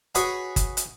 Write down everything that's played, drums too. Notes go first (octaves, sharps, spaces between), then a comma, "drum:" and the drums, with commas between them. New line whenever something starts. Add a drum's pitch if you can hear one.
F#4 G#4 B4 C#5 F#5, drum: hi-hat
drum: kick G1, hi-hat
drum: hi-hat